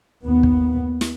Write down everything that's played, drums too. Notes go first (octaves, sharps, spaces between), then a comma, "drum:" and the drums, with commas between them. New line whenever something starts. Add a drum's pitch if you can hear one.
D#2 B3
drum: kick
drum: snare